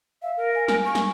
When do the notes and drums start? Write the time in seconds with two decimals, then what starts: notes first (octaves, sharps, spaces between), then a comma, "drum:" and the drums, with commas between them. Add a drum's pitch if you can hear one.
0.22 E5 F5
0.37 A#4
0.55 G#5
0.68 G#5, drum: snare
0.85 C#6
0.95 drum: snare